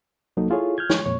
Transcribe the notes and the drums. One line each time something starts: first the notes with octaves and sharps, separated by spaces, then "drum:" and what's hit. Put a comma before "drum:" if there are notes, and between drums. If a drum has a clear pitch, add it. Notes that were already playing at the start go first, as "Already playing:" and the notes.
C2 F#3 A#3 D#4 A4
E4 F4 G#4 A4 C#5
F6 G6 G#6
C#5, drum: snare
F2 A#2 C#5